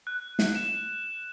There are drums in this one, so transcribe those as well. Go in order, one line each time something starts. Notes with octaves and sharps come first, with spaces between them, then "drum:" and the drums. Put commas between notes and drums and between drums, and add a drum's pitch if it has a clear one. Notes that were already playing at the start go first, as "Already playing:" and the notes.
F#6
drum: snare
E7